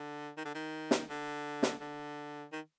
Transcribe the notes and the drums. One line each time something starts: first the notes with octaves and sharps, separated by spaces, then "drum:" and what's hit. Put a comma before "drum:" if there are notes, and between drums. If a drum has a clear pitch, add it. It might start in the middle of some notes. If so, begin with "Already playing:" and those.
Already playing: D3
D#3
D3
D#3
drum: snare
D3
drum: snare
D3
D#3